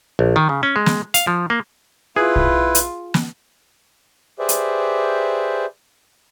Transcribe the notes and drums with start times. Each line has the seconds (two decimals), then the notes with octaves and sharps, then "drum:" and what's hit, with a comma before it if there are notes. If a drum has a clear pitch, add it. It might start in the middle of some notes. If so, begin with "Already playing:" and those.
0.19 A#1
0.36 D#3
0.49 C#3
0.63 C#4
0.76 G#3
0.86 drum: snare
1.14 F5, drum: hi-hat
1.27 F3
1.50 A#3
2.16 E4 F4 G#4 B4
2.36 drum: kick
2.75 drum: hi-hat
3.14 drum: snare
4.39 G4 G#4 B4 C5 D5 E5
4.49 drum: hi-hat